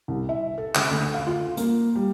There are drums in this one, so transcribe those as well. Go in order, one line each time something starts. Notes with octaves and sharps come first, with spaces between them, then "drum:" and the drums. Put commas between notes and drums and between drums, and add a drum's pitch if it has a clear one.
C2
E5
A4
C#2, drum: clap
D2
F5
F4
A#3, drum: hi-hat
G3